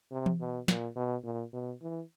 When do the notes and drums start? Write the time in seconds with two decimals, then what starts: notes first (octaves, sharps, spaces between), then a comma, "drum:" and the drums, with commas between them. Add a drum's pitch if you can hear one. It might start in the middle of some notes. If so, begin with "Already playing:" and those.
0.12 C3
0.26 drum: tom E3
0.40 B2
0.68 A#2, drum: snare
0.96 B2
1.24 A#2
1.53 B2
1.82 E3